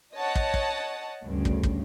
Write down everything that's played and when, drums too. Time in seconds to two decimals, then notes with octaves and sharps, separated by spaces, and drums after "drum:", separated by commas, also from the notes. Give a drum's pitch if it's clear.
0.17 C#5 D#5 F#5 A5
0.35 drum: kick
0.54 drum: kick
1.24 D2 G2 C#3
1.45 drum: kick
1.63 drum: kick